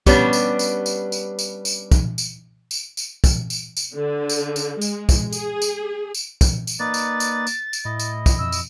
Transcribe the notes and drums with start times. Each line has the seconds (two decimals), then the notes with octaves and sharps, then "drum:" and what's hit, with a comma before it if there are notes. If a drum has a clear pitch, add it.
0.06 G3 B3 C#4 D4, drum: kick, tambourine
0.33 drum: tambourine
0.59 drum: tambourine
0.86 drum: tambourine
1.12 drum: tambourine
1.39 drum: tambourine
1.65 drum: tambourine
1.92 drum: kick, tambourine
2.18 drum: tambourine
2.71 drum: tambourine
2.97 drum: tambourine
3.24 drum: kick, tambourine
3.50 drum: tambourine
3.77 drum: tambourine
3.95 D3
4.29 drum: tambourine
4.56 drum: tambourine
4.81 G#3, drum: tambourine
5.09 drum: kick, tambourine
5.33 G#4, drum: tambourine
5.62 drum: tambourine
6.14 drum: tambourine
6.41 drum: kick, tambourine
6.67 drum: tambourine
6.80 A#3 D#4 B4 D5 A6
6.94 drum: tambourine
7.20 drum: tambourine
7.47 drum: tambourine
7.73 drum: tambourine
7.85 A2 E4 D#5
8.00 drum: tambourine
8.26 drum: kick, tambourine
8.39 F2 E6
8.52 drum: tambourine